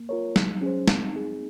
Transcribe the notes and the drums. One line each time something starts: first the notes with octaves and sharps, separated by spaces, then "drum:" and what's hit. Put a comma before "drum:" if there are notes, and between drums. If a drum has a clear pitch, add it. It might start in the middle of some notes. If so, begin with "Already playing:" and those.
Already playing: A#3
F4 A#4 C#5
F#3, drum: snare
C#4 G#4 C5
C4, drum: snare
D#4 G#4